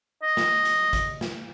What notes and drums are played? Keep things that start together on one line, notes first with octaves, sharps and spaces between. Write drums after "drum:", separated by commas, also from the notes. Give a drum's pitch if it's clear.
D#5
drum: snare
drum: hi-hat
drum: kick A1, hi-hat
drum: snare